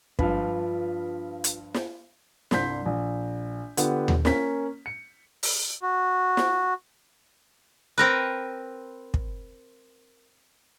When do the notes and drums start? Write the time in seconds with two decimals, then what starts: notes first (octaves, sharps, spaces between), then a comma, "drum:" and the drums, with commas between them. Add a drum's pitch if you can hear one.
0.19 G2 F3 F4 B4, drum: kick
1.44 drum: hi-hat
1.74 drum: snare
2.51 C2 G2 C6 G6 B6, drum: snare
2.86 A#1
3.77 D3 B3 F4 G4, drum: hi-hat
4.08 drum: tom D#2
4.25 A#3 C#4 B6, drum: snare
4.86 C#7
5.43 drum: open hi-hat
5.82 F#4
6.37 drum: snare
7.98 C4 A#4 B4
9.14 drum: kick